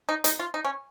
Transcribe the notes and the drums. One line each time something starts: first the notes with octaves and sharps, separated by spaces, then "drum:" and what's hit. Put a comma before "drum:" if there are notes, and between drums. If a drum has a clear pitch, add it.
D#4
D#4, drum: hi-hat
F4
D#4
C#4